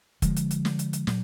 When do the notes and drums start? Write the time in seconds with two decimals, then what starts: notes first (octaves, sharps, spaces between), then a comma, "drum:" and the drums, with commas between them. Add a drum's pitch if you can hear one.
0.22 D3 F3 G#3, drum: kick F1, hi-hat
0.37 drum: hi-hat
0.51 drum: hi-hat
0.65 drum: snare
0.79 drum: hi-hat
0.93 drum: hi-hat
1.07 A#2 F#3, drum: snare